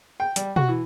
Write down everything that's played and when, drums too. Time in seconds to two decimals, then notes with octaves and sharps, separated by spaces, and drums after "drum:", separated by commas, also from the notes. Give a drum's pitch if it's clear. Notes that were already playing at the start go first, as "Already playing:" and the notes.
0.20 G5
0.36 G3, drum: hi-hat
0.56 F#4, drum: tom B2
0.68 E3